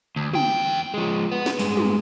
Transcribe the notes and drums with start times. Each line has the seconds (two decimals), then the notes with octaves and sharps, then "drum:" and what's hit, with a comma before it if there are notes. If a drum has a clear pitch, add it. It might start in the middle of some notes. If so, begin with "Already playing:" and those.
0.16 D2
0.33 E2 G5, drum: tom
0.94 F3 G#3
1.32 B3
1.46 drum: snare
1.59 G2 G#3, drum: open hi-hat
1.77 drum: tom